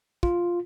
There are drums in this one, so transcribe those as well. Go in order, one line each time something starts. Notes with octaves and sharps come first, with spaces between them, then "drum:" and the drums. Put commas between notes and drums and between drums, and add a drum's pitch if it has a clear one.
F4, drum: kick